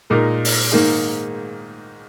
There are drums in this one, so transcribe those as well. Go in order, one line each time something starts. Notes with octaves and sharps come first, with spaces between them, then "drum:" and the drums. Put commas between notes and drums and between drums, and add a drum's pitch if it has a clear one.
A#2 G#3 D#4 A#4
drum: open hi-hat
G#2 D#3 A#3 D#4 G#4